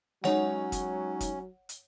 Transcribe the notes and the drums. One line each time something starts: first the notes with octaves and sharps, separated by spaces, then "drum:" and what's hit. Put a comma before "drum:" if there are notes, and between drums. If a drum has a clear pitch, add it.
F#3 G#3 C#4 D#4 C#5 F#5, drum: snare
drum: kick, hi-hat
drum: kick, hi-hat
drum: hi-hat